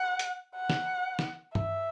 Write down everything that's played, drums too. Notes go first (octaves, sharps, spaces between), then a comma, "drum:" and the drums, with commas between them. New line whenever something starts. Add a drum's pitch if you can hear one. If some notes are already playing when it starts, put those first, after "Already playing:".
Already playing: F#5
drum: hi-hat
F#5
drum: snare
drum: snare
E5, drum: tom G2